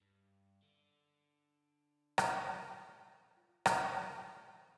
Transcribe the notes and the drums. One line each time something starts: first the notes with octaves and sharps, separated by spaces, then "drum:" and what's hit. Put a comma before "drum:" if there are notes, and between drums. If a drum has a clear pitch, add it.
G2
D3
drum: rim click
F4
D#2, drum: rim click
E3
C5